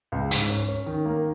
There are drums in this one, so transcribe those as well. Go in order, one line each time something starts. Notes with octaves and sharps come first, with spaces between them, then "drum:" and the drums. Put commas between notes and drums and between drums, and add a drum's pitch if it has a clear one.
C#2
G#2, drum: hi-hat
C#4
C#4
D#3
A#3